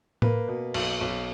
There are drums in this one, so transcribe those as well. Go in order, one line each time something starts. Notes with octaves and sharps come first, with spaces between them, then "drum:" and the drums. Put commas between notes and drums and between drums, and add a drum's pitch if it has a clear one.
A#3 B4, drum: tom A2
B2
B1, drum: cymbal
B1